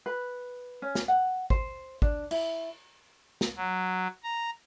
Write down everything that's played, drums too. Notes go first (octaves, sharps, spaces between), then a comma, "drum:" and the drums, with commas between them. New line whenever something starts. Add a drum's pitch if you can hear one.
B4
C#4
drum: snare
F#5
C5, drum: kick
D4, drum: kick
E4, drum: cymbal
drum: snare
F#3
A#5